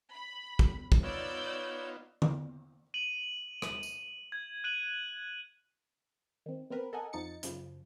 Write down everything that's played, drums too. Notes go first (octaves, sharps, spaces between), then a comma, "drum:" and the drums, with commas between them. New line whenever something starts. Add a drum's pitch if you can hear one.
B5
drum: kick
drum: kick
B3 D#4 F4 C#5 D5 E6 G6
drum: tom D3
D#7 F#7
drum: rim click
drum: tambourine
G#6
F#6 D#7 F#7
D#3 C4
B3 C4 A#4 B4
A4 A#4 D#5 F#5 G#5
F2 F3 D#4 A6 C#7
F#2 C#3 F3, drum: hi-hat